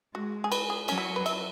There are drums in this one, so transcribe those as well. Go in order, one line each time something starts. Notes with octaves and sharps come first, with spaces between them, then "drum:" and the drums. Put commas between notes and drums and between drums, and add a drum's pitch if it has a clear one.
G#3 F#4
G#4
B4, drum: cymbal
G#4
F#3 C#4, drum: cymbal
E4
B4
E5, drum: cymbal